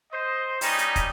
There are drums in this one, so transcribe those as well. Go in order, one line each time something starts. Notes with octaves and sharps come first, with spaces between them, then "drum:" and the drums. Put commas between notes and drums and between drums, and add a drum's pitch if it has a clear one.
C5 D#5
G3 C#4 D#4 D#5, drum: open hi-hat
drum: hi-hat
drum: kick, hi-hat